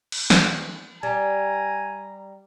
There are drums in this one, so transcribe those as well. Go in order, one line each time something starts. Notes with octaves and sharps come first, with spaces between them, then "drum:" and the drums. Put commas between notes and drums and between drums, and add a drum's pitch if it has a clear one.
drum: cymbal
drum: snare
G3 G#5 A#5